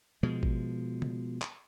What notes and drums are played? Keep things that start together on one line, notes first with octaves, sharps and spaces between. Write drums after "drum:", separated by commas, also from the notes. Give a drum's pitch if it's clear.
B2 F3 G#3
drum: kick G#1
drum: tom
drum: clap